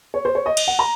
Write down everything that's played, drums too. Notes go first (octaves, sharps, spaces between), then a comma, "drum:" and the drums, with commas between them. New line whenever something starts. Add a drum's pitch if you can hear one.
C#5
C5
C#5
D#5
drum: cymbal
F#5
A#5